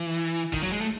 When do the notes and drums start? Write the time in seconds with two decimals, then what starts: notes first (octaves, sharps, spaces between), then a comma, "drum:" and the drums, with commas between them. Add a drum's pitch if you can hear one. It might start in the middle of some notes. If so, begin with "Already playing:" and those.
Already playing: E3
0.16 drum: hi-hat
0.53 D#3, drum: kick
0.63 F#3
0.72 G#3
0.81 A3